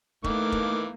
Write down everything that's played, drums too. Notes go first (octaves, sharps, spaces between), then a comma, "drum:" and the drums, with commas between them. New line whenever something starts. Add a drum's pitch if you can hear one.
D#3 E3 A3 A#3 D6, drum: kick E1
drum: kick E1